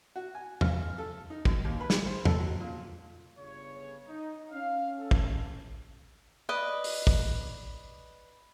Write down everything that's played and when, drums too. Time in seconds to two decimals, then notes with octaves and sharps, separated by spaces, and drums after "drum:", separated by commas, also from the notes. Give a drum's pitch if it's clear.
0.16 F#4
0.35 G#5
0.61 F5, drum: tom E2
0.98 A4
1.30 D#4
1.45 F#2, drum: kick
1.65 D#2
1.81 B4
1.90 drum: snare
2.06 C5
2.25 A4, drum: tom E2
2.40 F#3
2.60 A#2
3.39 G1 C#3 C#5
4.08 D#4
4.51 C#4 F5
4.99 A4
5.11 drum: kick
6.49 B4 D5 D#5 D#6
6.84 drum: open hi-hat
7.07 drum: kick